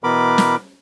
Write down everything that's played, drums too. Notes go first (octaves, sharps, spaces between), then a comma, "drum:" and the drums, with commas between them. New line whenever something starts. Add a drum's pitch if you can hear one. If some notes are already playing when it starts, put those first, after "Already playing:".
B2 E3 B3 A#4 B5 D6
drum: snare